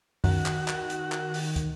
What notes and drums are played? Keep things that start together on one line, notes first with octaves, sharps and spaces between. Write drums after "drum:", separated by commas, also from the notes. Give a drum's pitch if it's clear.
F#2 D#3 F#4, drum: kick, open hi-hat
drum: clap
drum: clap
drum: hi-hat
drum: clap
drum: open hi-hat
drum: kick, hi-hat